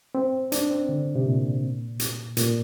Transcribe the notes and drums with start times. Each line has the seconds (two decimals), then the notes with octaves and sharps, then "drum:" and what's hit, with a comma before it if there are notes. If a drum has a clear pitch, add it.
0.15 C4
0.52 D4, drum: hi-hat
0.70 C4
0.89 D3
1.16 C3
1.26 A#2
2.00 drum: hi-hat
2.37 A#2, drum: hi-hat